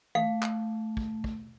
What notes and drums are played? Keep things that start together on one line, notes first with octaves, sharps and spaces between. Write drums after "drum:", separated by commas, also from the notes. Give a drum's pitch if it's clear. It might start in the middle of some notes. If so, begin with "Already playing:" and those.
A3 F5
drum: clap
drum: kick
drum: kick